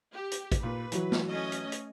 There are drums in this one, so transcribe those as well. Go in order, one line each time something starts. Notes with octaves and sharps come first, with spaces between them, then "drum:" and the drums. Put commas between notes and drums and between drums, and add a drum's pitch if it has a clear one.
G4
drum: hi-hat
drum: kick, hi-hat
A#2 B4
E3 F#3, drum: hi-hat
drum: snare
A3 C#4 D#5
drum: hi-hat
drum: hi-hat